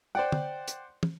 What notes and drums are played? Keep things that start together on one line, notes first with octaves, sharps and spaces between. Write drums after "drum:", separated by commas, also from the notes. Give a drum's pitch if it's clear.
C5 D5 F#5 G5
drum: tom D3
drum: hi-hat
drum: tom